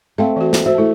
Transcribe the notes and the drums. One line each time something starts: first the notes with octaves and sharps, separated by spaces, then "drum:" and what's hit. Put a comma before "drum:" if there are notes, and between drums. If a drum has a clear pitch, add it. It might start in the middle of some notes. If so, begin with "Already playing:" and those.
A3 C4 E5 F5
E3 F#4
drum: snare
F#4 C5 E5
A3 E4